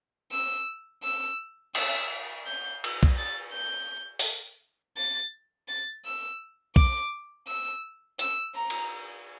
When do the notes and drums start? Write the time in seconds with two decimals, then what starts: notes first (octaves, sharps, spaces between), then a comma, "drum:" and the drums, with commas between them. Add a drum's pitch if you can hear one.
0.32 E6
1.04 E6
1.75 E6, drum: cymbal
2.47 G6
2.84 drum: cymbal
3.03 drum: kick B1
3.18 A6
3.54 G6
4.19 drum: open hi-hat
4.97 A6
5.68 A6
6.05 E6
6.76 D6, drum: kick B1
7.48 E6
8.19 E6, drum: hi-hat
8.55 A#5
8.70 drum: cymbal